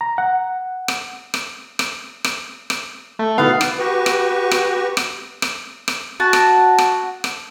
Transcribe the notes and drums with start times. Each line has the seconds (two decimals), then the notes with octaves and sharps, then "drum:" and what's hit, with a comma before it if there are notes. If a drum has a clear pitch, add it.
0.01 A#5
0.18 F#5
0.88 drum: rim click
1.34 drum: rim click
1.79 drum: rim click
2.24 drum: rim click
2.70 drum: rim click
3.19 A3
3.38 B2 D#3 E3 B3 F5
3.61 drum: rim click
3.78 F#4 G4 B4 C#6
4.06 drum: rim click
4.51 drum: rim click
4.97 drum: rim click
5.42 drum: rim click
5.88 drum: rim click
6.20 F#4 A5
6.33 drum: rim click
6.78 drum: rim click
7.24 drum: rim click